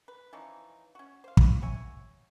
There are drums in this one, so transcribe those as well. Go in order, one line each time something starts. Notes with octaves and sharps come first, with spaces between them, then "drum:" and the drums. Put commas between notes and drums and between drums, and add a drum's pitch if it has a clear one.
B4
E3 F3 C#4 D#4
C#4 F#4
C5 F5
drum: kick
F#4 C#5 E5 G#5